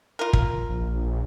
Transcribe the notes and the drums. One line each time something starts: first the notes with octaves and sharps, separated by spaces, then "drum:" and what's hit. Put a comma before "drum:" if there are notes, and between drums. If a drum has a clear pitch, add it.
F4 A#4
drum: kick
A#1